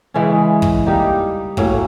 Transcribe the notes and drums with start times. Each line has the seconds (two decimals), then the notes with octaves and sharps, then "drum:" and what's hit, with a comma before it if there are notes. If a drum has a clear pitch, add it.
0.14 C#3 E3 G#3 C#4
0.62 drum: kick
0.86 G3 A#3 D#4 G4
1.57 A2 F#3 A#3 C#4, drum: kick